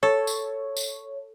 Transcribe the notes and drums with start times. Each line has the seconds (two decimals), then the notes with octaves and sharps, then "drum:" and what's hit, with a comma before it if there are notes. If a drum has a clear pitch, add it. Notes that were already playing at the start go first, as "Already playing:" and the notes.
0.03 A4 C#5
0.27 drum: tambourine
0.76 drum: tambourine